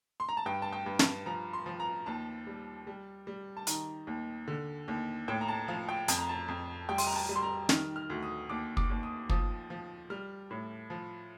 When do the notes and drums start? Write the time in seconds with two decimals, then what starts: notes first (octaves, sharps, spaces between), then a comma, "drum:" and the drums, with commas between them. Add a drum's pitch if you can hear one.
0.20 C6
0.29 A#5
0.37 A5
0.46 G2 G5
0.62 A5
0.73 G5
0.86 G2
0.99 A5, drum: snare
1.26 F3 A#5
1.53 C6
1.66 F3
1.80 A#5
2.06 D#2 A5
2.47 G3
2.87 G3
3.27 G3
3.57 A5
3.67 D#3 A#5, drum: hi-hat
4.07 D#2
4.48 D3
4.88 D#2
5.28 A2 G5
5.41 A#5
5.48 A5
5.68 F3 F5
5.89 G5
6.08 F2 A5, drum: hi-hat
6.19 A#5
6.29 A5
6.48 F2
6.89 G3 G5
6.98 C6, drum: open hi-hat
7.07 A#5
7.15 A5
7.29 G3
7.36 C6
7.43 A#5
7.69 D#3 F6, drum: snare
7.96 F6
8.10 D2
8.23 D#6
8.50 D#2 D6
8.77 D6, drum: kick
8.90 D#2
9.03 D#6
9.29 F3 D#6, drum: kick
9.70 F3
10.10 G3 F6
10.51 A2
10.90 F3